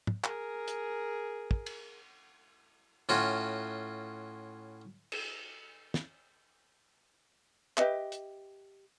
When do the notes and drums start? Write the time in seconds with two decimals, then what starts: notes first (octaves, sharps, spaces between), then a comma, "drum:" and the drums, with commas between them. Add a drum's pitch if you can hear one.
0.07 drum: tom
0.24 G#4 A#4, drum: clap
0.68 drum: hi-hat
1.51 drum: kick
1.66 drum: cymbal
3.09 A2 C#4 F4 F#4, drum: tambourine
5.12 drum: cymbal
5.94 drum: snare
7.77 G4 B4 D#5 E5, drum: clap
8.12 drum: hi-hat